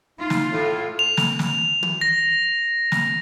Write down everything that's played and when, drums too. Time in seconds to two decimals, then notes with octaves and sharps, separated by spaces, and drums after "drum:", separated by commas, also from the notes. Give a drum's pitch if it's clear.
0.19 D#4 F4
0.30 drum: snare
0.52 A2 A4
0.99 F7
1.17 drum: snare
1.39 drum: snare
1.83 drum: tom
2.01 A#6
2.92 drum: snare